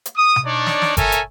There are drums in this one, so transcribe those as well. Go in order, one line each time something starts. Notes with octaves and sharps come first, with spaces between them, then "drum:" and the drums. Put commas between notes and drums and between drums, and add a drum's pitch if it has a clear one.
drum: hi-hat
D#6
drum: tom B2
D4 D#4 C#5 D5
drum: snare
drum: snare
A4 A#4 C#5 E5 G#5, drum: kick G1, hi-hat
drum: hi-hat